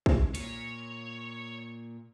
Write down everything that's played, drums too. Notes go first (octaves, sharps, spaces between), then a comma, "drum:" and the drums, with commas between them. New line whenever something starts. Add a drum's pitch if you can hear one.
drum: kick
A#2 C#5, drum: hi-hat